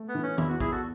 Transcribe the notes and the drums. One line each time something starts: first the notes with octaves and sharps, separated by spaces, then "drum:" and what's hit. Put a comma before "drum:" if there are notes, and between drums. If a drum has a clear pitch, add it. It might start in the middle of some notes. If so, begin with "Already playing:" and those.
Already playing: A3
B3
E3
C#4
E2 E4, drum: tom
F#4
E2 E4 G#4, drum: kick
F#4 A4